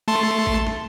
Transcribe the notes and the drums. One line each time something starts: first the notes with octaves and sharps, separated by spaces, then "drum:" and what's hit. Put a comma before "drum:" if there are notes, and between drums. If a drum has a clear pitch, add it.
A3 A5 C6
drum: kick A1
drum: snare